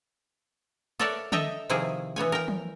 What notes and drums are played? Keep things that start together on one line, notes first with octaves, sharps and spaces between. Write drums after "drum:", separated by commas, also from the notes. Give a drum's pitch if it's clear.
A4 A#4 C#5 D5 E5 F#5
A4 D#5 E5 G5 A#5, drum: tom D3
C3 D#3 F3 E4 G#4
E3 B3 C#5 G#5
A#4 G5
drum: tom F3